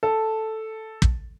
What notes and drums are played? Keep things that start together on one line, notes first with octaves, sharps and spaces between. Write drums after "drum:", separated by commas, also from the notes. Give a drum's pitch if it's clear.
A4
drum: kick